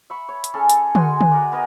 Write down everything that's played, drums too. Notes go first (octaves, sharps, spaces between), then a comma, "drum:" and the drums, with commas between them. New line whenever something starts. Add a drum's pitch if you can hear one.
E5 B5 C#6
C#5
drum: hi-hat
C#4 G#4 A4
drum: hi-hat
G#3 F#4 G#5 C6, drum: tom
drum: tom D3
F#4 A#4 D5
B3 A#4 D#5 G#5